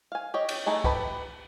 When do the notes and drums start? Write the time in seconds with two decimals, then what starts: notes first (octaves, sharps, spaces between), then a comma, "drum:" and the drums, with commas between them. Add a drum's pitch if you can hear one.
0.12 F5 G#5
0.34 G4 C#5 D#5
0.49 drum: cymbal
0.66 A3 D#4 G#4 A4
0.84 G4 B4 A5 B5, drum: kick